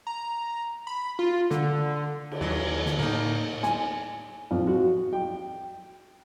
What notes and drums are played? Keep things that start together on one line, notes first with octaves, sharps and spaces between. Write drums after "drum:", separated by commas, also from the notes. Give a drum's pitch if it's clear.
A#5
B5
F4
D3, drum: snare
drum: cymbal
D#2 E3 F#3
D#2
D3, drum: snare
A2 A#3 D#4
G#5, drum: snare
F2
F#4
G5